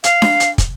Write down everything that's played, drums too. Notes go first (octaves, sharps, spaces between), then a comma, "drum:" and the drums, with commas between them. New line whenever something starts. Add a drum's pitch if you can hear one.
F5, drum: hi-hat
drum: snare D4
drum: hi-hat
drum: kick, hi-hat